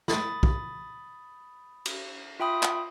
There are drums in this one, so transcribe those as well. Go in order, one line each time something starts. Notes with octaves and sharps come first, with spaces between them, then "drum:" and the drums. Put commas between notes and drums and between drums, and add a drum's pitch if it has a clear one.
B5 D#6 A6, drum: snare
drum: kick
drum: cymbal
F4 E5 G5 B5 D#6
drum: clap